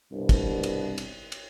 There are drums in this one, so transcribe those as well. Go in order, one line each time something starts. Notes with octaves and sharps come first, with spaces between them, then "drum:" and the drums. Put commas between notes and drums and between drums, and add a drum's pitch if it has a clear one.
C2 G2 B2
drum: kick, cymbal
drum: cymbal
drum: cymbal
drum: cymbal